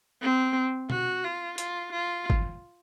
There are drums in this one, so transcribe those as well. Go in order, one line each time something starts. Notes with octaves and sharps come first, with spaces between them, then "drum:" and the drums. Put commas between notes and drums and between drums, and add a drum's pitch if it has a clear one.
C4
F#4, drum: tom B2
F4
F4, drum: hi-hat
F4
drum: kick G1